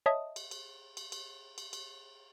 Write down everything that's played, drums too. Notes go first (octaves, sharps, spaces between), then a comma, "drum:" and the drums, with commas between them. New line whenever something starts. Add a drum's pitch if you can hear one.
C#5 D#5 E5 A5 D#6
drum: cymbal
drum: cymbal
drum: cymbal
drum: cymbal
drum: cymbal
drum: cymbal